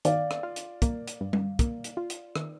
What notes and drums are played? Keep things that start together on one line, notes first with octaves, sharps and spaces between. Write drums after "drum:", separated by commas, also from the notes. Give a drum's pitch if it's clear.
D#3 D5 F5, drum: hi-hat
drum: rim click
F4
drum: hi-hat
A#3, drum: kick, hi-hat
drum: hi-hat
G2
drum: tom G3
A#3, drum: kick, hi-hat
drum: hi-hat
F4
drum: hi-hat
D#3, drum: rim click